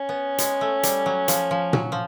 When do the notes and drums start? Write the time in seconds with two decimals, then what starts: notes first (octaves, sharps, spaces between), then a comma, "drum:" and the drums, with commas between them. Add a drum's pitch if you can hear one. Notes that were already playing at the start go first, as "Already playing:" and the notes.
Already playing: C#4
0.09 B3
0.38 G#3, drum: hi-hat
0.61 A3
0.83 G3, drum: hi-hat
1.06 F#3
1.28 F3, drum: hi-hat
1.51 F3
1.73 F#3, drum: tom A#2
1.92 F3